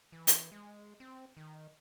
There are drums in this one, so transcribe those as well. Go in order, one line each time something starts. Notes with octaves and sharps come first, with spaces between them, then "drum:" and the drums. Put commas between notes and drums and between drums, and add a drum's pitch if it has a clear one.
E3
drum: hi-hat
G#3
C4
D#3